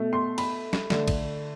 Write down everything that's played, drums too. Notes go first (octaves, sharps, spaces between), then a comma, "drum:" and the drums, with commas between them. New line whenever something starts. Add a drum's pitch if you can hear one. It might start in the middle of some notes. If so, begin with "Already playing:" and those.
Already playing: B2 A3
C6
B5, drum: cymbal
drum: snare
D3 A3, drum: snare
drum: kick, cymbal